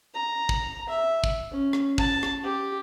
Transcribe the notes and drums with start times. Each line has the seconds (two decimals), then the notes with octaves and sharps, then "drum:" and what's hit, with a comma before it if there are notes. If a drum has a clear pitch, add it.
0.15 A#5
0.49 drum: kick
0.89 E5
1.24 drum: kick
1.51 C#4
1.73 drum: rim click
1.98 A5, drum: kick
2.23 drum: rim click
2.44 G4